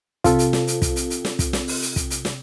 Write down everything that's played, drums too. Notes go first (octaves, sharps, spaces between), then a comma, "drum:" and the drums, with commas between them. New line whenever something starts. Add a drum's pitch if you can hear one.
C3 C4 F4 A4, drum: kick, hi-hat
drum: hi-hat
drum: snare
drum: hi-hat
drum: kick, hi-hat
drum: hi-hat
drum: hi-hat
drum: snare
drum: kick, hi-hat
drum: snare
drum: open hi-hat
drum: hi-hat
drum: kick, hi-hat
drum: hi-hat
drum: snare